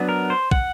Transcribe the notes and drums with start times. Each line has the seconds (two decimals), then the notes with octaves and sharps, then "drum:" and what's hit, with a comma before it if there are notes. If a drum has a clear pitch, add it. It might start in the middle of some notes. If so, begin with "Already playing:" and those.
Already playing: F#3 B3 D4
0.09 A#4
0.30 C5
0.51 F#5, drum: kick